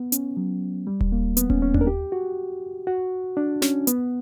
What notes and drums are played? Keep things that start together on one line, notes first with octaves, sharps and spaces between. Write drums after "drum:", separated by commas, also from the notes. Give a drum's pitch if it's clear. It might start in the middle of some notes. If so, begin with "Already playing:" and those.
Already playing: B3
C#4, drum: hi-hat
F#3
G3
drum: kick D#1
A#3
B3, drum: hi-hat
C#4, drum: kick D#1
C#4
D4, drum: tom D#2
A#4
G4
F#4
F#4
D4
C#4, drum: snare
B3, drum: hi-hat